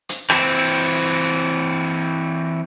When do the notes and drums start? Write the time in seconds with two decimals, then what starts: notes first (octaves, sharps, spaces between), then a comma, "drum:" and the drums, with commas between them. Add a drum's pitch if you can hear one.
0.09 drum: hi-hat
0.30 E3 C4, drum: rim click